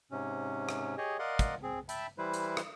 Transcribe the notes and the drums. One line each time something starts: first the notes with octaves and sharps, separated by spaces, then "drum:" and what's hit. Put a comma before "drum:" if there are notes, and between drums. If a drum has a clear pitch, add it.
G#2 C3 C#4
drum: rim click
G4 G#4 C#5 D#5
A#4 D5 D#5 F5 F#5 C6
drum: kick, hi-hat
C4 G#4
E5 G5 A5 B5, drum: hi-hat
E3 G3 E4 B4 C5
drum: hi-hat
drum: rim click